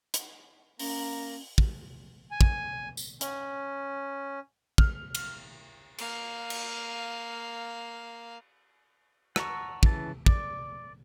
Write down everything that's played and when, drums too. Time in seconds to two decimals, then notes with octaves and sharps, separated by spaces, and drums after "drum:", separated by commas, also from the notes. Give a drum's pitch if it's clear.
0.14 drum: hi-hat
0.79 A#3 C#4 A#5, drum: open hi-hat
1.58 drum: kick
2.31 G#5
2.41 drum: kick
2.97 drum: tambourine
3.21 C#4, drum: hi-hat
4.78 F6, drum: kick
5.15 drum: cymbal
5.98 A#3 F5, drum: cymbal
6.50 drum: cymbal
9.36 F#5 A5 A#5 C#6, drum: rim click
9.83 C#3 E3 A5, drum: kick
10.26 D5, drum: kick